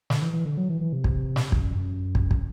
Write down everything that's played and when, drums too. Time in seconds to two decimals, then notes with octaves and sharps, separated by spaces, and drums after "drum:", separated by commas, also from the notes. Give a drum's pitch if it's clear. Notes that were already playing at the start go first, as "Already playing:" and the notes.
0.10 D3, drum: snare
0.22 E3
0.33 E3
0.45 D3
0.57 F#3
0.69 E3
0.81 E3
0.93 C3
1.04 drum: kick
1.36 drum: snare
1.52 F#2, drum: kick
1.75 F#2
2.15 drum: kick
2.31 drum: kick